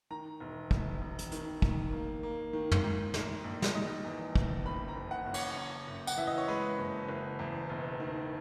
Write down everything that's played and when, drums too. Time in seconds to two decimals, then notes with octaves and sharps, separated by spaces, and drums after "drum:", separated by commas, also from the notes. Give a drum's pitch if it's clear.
0.10 D#3 A#5
0.40 E1
0.71 E1, drum: kick
1.01 E1
1.19 drum: hi-hat
1.32 D#3, drum: hi-hat
1.62 D#3, drum: kick
1.92 A#3
2.23 A#3
2.53 D#3
2.72 drum: tom
2.84 G#2
3.14 G#2, drum: snare
3.44 A#1
3.62 drum: snare
3.74 D#3 D#5
4.05 E2
4.36 F#1, drum: kick
4.66 F#1 B5
4.88 A#5
4.96 F#1
5.11 F#5
5.26 F#1
5.34 C#5, drum: cymbal
5.57 F#1
5.88 F#1
6.07 F#5, drum: tambourine
6.17 E3 E5
6.27 D#5
6.38 C#5
6.48 G#3 B4
6.78 F#1
7.09 F#1
7.39 E2
7.69 E1
8.00 D#3